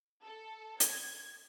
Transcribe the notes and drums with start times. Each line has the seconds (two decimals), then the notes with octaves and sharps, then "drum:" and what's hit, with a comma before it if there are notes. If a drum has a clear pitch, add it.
0.23 A4
0.80 G#6, drum: hi-hat